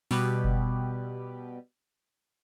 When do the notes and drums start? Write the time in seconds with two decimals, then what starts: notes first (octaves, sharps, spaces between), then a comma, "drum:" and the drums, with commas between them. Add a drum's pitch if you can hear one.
0.11 B2 G3 G4 B4, drum: open hi-hat
0.44 drum: kick F#1